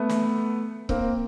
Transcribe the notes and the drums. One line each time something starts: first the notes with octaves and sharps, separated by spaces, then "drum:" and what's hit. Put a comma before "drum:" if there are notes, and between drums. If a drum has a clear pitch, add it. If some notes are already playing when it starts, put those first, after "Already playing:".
Already playing: A3 B3
drum: snare
A#3 C4, drum: kick C#1